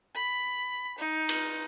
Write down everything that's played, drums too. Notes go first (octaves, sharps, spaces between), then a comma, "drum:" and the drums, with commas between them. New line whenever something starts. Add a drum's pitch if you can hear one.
B5
D#4
drum: cymbal